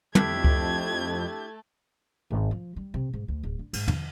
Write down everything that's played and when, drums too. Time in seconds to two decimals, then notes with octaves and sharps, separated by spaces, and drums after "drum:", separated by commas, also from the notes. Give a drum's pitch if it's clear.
0.15 F2 A3 D4 E4 G4 A4 G#6, drum: tom
0.44 drum: kick C#2
2.31 G#1
2.51 F3
2.76 G3
2.94 C3
3.13 G#2
3.28 D2
3.43 D1
3.59 D3
3.73 G#2, drum: cymbal
3.88 F2, drum: tom